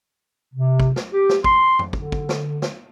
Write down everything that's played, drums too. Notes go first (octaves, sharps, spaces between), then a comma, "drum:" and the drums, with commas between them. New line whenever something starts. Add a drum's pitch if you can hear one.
C3
drum: kick
drum: snare
G4
drum: snare
C6, drum: kick
drum: tom
D3, drum: kick
drum: kick
drum: snare
drum: snare